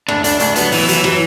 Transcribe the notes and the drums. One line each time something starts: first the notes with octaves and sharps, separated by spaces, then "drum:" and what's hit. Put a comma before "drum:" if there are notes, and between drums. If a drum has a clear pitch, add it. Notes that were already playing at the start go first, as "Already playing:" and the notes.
D2 D4, drum: rim click
D2 D4, drum: hi-hat
D2 D4, drum: hi-hat
F#3 B3, drum: hi-hat
B2 E3, drum: open hi-hat
E3 F#3, drum: hi-hat
E3 F#3, drum: rim click